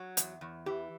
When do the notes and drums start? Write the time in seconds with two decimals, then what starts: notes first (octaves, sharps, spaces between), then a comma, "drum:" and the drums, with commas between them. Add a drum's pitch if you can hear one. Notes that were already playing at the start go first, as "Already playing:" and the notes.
Already playing: F#3
0.17 E2, drum: hi-hat
0.41 E2
0.66 E3 G4